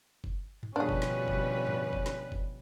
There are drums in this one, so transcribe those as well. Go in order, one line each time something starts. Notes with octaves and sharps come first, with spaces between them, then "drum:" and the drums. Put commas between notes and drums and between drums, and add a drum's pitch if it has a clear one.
drum: kick F#1
drum: tom G2
B2 D3 F3 G3 C#4 D4 G#4 B4
drum: kick F#1
drum: snare
drum: kick F#1
drum: tom G2
drum: kick F#1
drum: snare
drum: kick F#1